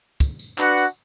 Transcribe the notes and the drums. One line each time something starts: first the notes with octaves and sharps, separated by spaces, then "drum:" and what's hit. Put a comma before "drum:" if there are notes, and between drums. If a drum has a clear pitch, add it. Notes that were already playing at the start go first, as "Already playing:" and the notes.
drum: kick, tambourine
drum: tambourine
D4 F#4 B4 F#5, drum: clap
drum: tambourine